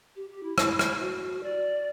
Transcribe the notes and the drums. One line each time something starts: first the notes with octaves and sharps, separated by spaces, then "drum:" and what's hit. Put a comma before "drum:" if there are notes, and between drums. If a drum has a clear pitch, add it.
G4
G4
E4
E4, drum: rim click
drum: rim click
F#4
D5